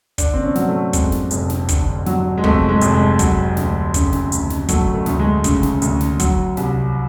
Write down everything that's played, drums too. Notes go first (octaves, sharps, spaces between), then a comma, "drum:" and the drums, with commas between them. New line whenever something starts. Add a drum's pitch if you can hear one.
D3 D4, drum: kick, hi-hat
C4
C#4
F#3, drum: snare
A3
F2 G#3, drum: kick, hi-hat
drum: snare
F1, drum: hi-hat
drum: snare
D3, drum: kick, hi-hat
F#3, drum: snare
G#3
F2 A3, drum: kick
G#3
F1, drum: hi-hat
G#3
F#3, drum: kick, hi-hat
D2, drum: snare
C#3, drum: kick, hi-hat
drum: snare
D2, drum: hi-hat
drum: snare
F#3 A3, drum: kick, hi-hat
A3
D2, drum: snare
G#3
C#3, drum: kick, hi-hat
drum: snare
D2, drum: hi-hat
drum: snare
F#3, drum: kick, hi-hat
C2, drum: snare